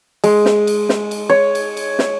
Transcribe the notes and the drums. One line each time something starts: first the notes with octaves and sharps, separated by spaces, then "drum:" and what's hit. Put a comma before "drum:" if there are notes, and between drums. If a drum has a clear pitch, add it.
G#3, drum: cymbal
drum: snare
drum: cymbal
drum: snare
drum: cymbal
C#5
drum: cymbal
drum: cymbal
drum: snare